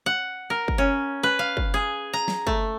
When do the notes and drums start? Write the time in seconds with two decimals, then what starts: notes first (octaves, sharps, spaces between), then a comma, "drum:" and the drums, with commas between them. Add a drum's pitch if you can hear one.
0.06 F#5
0.50 A#4
0.68 drum: kick
0.78 C#4
1.23 B4
1.39 F5
1.57 drum: kick
1.74 G#4
2.13 A#5
2.28 drum: snare
2.47 A3, drum: kick